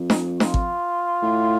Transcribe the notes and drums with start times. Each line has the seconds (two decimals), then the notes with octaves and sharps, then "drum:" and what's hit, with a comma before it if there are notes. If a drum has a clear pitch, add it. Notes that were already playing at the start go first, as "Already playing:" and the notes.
Already playing: F2
0.10 drum: snare
0.40 F4, drum: snare
0.54 drum: kick
1.23 A2